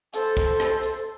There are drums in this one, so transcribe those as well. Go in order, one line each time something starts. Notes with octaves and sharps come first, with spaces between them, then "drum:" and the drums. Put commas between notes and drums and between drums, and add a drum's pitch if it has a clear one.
A4 C5, drum: hi-hat
drum: kick, hi-hat
drum: rim click
drum: hi-hat